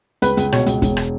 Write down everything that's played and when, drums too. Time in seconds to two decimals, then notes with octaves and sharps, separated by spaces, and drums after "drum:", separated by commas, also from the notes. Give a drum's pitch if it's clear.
0.22 C#2 B4, drum: hi-hat
0.37 C#2, drum: hi-hat
0.52 B2 C#5, drum: rim click
0.66 C#2, drum: hi-hat
0.82 E1, drum: kick, hi-hat
0.97 drum: rim click